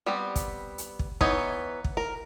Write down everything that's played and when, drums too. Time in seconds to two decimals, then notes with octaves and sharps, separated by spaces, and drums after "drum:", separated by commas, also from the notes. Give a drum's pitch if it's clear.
0.06 G3 B3 C4
0.36 drum: kick, hi-hat
0.78 drum: hi-hat
0.99 drum: kick
1.21 E3 B3 D#4 C#5, drum: kick
1.84 drum: kick
1.97 A#4